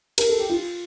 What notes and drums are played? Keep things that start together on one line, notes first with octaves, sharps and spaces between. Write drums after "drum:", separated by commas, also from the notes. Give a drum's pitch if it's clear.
A#4, drum: cymbal
A4
G4
F4